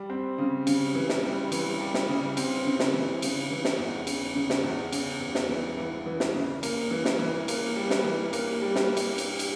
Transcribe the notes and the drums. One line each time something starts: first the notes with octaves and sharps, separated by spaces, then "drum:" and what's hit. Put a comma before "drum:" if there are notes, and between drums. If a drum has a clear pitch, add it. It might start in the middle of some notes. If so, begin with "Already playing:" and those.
Already playing: G3
C4
C#3
C#3, drum: cymbal
E3
drum: snare
G3
E3, drum: cymbal
G3
drum: snare
C#3
C4, drum: cymbal
C#3
drum: snare
E3
C#3, drum: cymbal
E3
drum: snare
E2
C#3, drum: cymbal
C#3
drum: snare
E2
C#3, drum: cymbal
E2
drum: snare
E3
E3
E3
drum: snare
C#3
A#3, drum: cymbal
E3
drum: snare
E3
A#3, drum: cymbal
G3
drum: snare
E3
A#3, drum: cymbal
G3
drum: snare
drum: cymbal
drum: cymbal
drum: cymbal